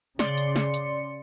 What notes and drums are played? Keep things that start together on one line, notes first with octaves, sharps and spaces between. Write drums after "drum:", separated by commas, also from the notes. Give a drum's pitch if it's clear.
C#3 D5 C6 C#7, drum: snare
drum: hi-hat
drum: snare
drum: hi-hat